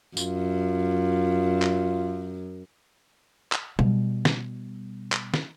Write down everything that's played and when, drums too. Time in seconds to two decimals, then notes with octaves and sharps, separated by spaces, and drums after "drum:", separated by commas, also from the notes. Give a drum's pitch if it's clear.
0.17 F#2 F4, drum: tambourine
1.62 drum: clap
3.52 drum: clap
3.79 B2 G3, drum: tom
4.25 drum: snare
5.12 drum: clap
5.34 drum: snare